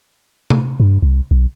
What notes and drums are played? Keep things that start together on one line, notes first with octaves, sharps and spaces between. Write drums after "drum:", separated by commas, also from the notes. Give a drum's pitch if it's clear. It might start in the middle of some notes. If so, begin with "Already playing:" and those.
drum: tom C3
G2
C2
B1